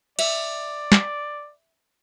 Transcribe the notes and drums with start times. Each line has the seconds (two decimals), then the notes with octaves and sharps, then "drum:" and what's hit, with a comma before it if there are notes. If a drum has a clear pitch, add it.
0.19 D5 E5, drum: cymbal
0.92 drum: snare